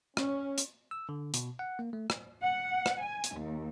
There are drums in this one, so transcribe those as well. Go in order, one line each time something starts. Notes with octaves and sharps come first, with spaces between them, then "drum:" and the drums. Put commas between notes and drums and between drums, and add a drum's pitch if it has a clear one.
C#4, drum: rim click
drum: hi-hat
E6
D3
B2, drum: hi-hat
F#5
A#3
A3
drum: rim click
F#5
drum: rim click
G#5
drum: hi-hat
D#2